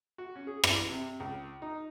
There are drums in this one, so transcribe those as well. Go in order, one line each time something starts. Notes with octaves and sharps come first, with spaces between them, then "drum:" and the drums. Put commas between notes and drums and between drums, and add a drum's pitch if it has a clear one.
F#4
C#4
G#4
D6, drum: rim click
C3
C#2
D#4